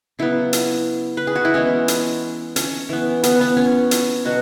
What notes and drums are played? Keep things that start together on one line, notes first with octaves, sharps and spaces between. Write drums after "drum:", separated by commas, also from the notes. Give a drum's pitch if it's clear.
C#3 F#3 B3 E4
drum: hi-hat
B4
G#4
F#4
E4
E3 G#3 B3 C#4
drum: hi-hat
C#4, drum: hi-hat
E3 B3
B3, drum: hi-hat
B3
C#4
drum: hi-hat
B2 F#3 B3 F#4